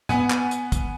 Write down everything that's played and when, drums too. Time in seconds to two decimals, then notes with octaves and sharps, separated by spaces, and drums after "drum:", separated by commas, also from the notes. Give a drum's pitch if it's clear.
0.09 B3 F#5 G#5, drum: tom
0.30 drum: clap
0.51 drum: hi-hat
0.72 drum: kick, hi-hat